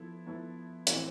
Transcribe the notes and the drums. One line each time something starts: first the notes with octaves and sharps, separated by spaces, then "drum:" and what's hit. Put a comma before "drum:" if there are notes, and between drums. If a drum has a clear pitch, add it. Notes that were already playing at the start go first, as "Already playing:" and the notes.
Already playing: F3 B3 E4 A4
F3 B3 E4 A4
A2 E3 A3 C4 E4, drum: hi-hat